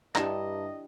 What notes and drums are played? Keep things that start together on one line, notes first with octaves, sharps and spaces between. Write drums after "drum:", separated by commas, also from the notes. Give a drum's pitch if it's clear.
G2 D4 E4 G4 D#5 A5 A#5, drum: clap